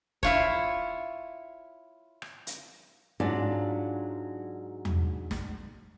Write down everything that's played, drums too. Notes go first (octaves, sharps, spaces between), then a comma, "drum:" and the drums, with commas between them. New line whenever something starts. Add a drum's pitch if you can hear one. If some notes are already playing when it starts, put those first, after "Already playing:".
E4 F4 C#5, drum: kick D#1
drum: rim click
drum: hi-hat
G#2 F#3 D4 F4 D5
drum: tom E2
drum: snare